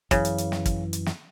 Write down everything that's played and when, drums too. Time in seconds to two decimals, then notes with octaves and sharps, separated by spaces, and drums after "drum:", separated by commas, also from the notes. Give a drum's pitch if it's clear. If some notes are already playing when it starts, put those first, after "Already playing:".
0.11 F#2 C#3 E3, drum: kick, hi-hat
0.25 drum: hi-hat
0.38 drum: hi-hat
0.52 drum: snare
0.66 drum: kick, hi-hat
0.93 drum: hi-hat
1.06 drum: snare